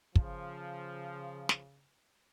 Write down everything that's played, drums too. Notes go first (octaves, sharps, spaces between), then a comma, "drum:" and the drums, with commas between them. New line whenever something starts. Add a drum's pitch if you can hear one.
C#3 F3, drum: kick
drum: snare